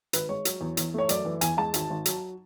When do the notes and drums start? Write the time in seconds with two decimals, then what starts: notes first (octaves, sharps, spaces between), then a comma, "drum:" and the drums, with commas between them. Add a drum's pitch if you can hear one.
0.13 G#1 B4, drum: hi-hat
0.29 G#3 C#5
0.45 F#3, drum: hi-hat
0.61 E2
0.77 E2, drum: hi-hat
0.94 A3 C#5
1.09 F#2 D5, drum: hi-hat
1.25 E3
1.41 E2 G#5, drum: hi-hat
1.57 G#3 A5
1.74 G#1, drum: hi-hat
1.90 G#1
2.06 F#3, drum: hi-hat